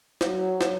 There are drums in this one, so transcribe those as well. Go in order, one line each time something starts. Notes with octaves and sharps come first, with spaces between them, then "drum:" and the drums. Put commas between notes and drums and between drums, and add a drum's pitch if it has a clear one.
F#3, drum: snare
drum: snare